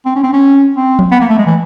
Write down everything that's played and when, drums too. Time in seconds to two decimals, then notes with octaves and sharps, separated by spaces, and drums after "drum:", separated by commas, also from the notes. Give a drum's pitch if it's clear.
0.06 C4
0.16 C#4
0.24 C4
0.33 C#4
0.77 C4
0.99 drum: tom F3
1.12 B3
1.21 A#3
1.29 A3
1.38 G#3
1.47 E3